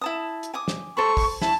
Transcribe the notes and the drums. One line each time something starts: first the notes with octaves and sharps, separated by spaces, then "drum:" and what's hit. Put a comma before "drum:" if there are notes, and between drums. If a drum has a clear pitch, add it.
E4 A5 D#6
drum: hi-hat
G#5 D6 D#6
drum: snare
A4 C5 B5 C#6
drum: kick, open hi-hat
E4 A5, drum: snare